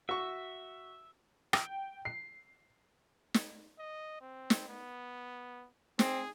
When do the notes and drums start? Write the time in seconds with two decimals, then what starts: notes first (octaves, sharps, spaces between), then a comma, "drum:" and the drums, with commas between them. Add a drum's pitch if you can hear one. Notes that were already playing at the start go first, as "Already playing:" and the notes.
0.09 F#4 E5 C#6
1.53 G5, drum: rim click
2.05 C7
3.34 drum: snare
3.79 D#5
4.21 C4
4.50 drum: snare
4.69 B3
5.99 C4 G#4, drum: snare